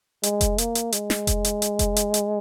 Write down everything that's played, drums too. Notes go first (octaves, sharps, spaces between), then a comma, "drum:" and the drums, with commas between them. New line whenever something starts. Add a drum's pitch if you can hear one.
G#3, drum: hi-hat
drum: kick F1, hi-hat
A#3, drum: hi-hat
drum: hi-hat
G#3, drum: hi-hat
drum: snare
drum: kick F1, hi-hat
drum: hi-hat
drum: hi-hat
drum: kick F1, hi-hat
drum: hi-hat
drum: hi-hat